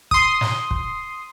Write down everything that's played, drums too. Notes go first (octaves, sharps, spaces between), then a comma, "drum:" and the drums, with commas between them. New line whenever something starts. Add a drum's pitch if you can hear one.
C6 D#6, drum: kick
drum: snare
drum: kick